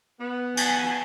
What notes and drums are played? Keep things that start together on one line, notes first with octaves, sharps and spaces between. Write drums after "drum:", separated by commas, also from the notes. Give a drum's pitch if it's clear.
B3
G#5, drum: cymbal